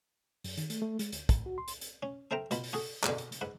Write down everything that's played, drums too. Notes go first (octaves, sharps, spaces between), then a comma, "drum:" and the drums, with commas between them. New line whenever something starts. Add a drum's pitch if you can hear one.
F#2, drum: open hi-hat
D#3, drum: hi-hat
A3, drum: hi-hat
A3
G#3, drum: hi-hat
D2, drum: hi-hat
A2, drum: kick, hi-hat
F#4
C6
drum: hi-hat
drum: hi-hat
C#4
A4 A#4 C5 E5 G5 A#5
B2 F4 B5, drum: hi-hat
drum: open hi-hat
F#4 G#4 A4
G#2 B2 D3, drum: clap
drum: hi-hat
drum: hi-hat
G#2 B4 F#5